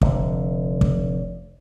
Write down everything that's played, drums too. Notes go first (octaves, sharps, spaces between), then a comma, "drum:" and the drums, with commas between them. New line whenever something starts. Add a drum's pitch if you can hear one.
F1 D3, drum: kick
drum: kick